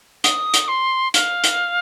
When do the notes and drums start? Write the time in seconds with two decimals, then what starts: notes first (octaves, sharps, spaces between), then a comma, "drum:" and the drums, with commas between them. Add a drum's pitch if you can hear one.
0.24 D#6, drum: hi-hat
0.54 drum: hi-hat
0.68 C6
1.14 F5, drum: hi-hat
1.44 drum: hi-hat